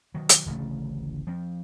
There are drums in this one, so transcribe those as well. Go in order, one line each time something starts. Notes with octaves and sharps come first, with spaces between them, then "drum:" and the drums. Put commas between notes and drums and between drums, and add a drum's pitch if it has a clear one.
D#3 F#3
drum: hi-hat
D1 A1 C#3 A3
F3 C4